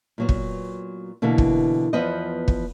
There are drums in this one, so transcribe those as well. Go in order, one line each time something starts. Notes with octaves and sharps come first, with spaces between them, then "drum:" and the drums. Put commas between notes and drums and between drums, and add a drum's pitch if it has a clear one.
A#2 F#3 B3
drum: kick
B2 D3 E3 A#3 B3
drum: kick
E2 F3 B3 B4 C5 D#5
drum: kick